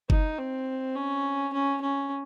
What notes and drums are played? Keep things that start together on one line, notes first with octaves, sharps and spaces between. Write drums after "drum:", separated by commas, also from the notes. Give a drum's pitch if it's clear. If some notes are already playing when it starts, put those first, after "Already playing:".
D#4, drum: kick F#1
C4
C#4
C#4
C#4